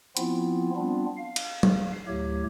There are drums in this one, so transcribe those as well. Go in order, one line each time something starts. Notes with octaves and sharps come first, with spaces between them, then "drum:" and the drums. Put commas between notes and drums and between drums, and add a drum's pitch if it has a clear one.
F3 B3 C4 E4 F4, drum: hi-hat
G3 B3 C4 D4 F4
F5
drum: cymbal
drum: tom F#3
D2 A2 F#3 A3 G4 C#5